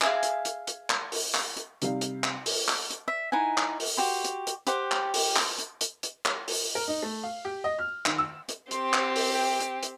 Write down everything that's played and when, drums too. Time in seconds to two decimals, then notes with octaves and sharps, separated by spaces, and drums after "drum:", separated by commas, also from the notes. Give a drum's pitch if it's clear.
0.01 G#4 E5 F5 G#5, drum: clap
0.23 drum: hi-hat
0.45 drum: hi-hat
0.67 drum: hi-hat
0.90 drum: clap
1.12 drum: open hi-hat
1.34 drum: clap
1.57 drum: hi-hat
1.82 C3 G3 D#4 F5, drum: hi-hat
2.01 drum: hi-hat
2.24 drum: clap
2.46 drum: open hi-hat
2.68 drum: clap
2.91 drum: hi-hat
3.08 E5
3.32 D#4 E4 F#5 G#5
3.58 drum: clap
3.80 drum: open hi-hat
3.97 F#4 G4 C6
4.25 drum: hi-hat
4.47 drum: hi-hat
4.67 G4 C5 F#5, drum: hi-hat
4.92 drum: clap
5.14 drum: open hi-hat
5.36 drum: clap
5.58 drum: hi-hat
5.81 drum: hi-hat
6.03 drum: hi-hat
6.25 drum: clap
6.48 drum: open hi-hat
6.75 A#4
6.88 D#4
7.03 A3
7.23 F5
7.45 G4
7.64 D#5
7.79 F6
8.06 D#3, drum: clap
8.18 E6
8.49 drum: hi-hat
8.71 C4 G4 C6, drum: hi-hat
8.93 drum: clap
9.16 drum: open hi-hat
9.33 G5
9.60 drum: hi-hat
9.83 drum: hi-hat